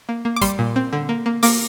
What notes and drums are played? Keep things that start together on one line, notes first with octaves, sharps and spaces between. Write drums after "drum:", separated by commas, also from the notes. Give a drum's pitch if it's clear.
A#3
A#3
D6
G3 C6, drum: kick, hi-hat
A#2
C4
D3
A#3
A#3
A#3 D6, drum: open hi-hat